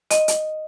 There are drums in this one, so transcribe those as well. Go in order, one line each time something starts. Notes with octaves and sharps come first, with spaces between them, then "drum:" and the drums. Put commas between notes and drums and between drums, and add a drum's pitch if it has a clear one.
D#5, drum: hi-hat
drum: hi-hat